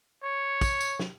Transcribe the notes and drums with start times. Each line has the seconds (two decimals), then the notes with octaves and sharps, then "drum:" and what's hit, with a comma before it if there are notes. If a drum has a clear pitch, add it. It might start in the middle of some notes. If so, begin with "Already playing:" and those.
0.23 C#5
0.61 drum: kick, tambourine
0.80 drum: tambourine
0.99 drum: snare